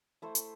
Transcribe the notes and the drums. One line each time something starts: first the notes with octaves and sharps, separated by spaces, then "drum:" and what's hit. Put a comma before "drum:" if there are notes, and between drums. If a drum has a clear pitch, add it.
A3 E4 A4 C5
drum: hi-hat